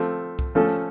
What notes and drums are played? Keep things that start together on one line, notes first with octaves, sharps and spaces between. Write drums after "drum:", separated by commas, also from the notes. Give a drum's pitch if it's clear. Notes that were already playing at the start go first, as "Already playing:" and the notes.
Already playing: F3 A3 C4
drum: kick C2, tambourine
F3 A3 C#4 A4
drum: tambourine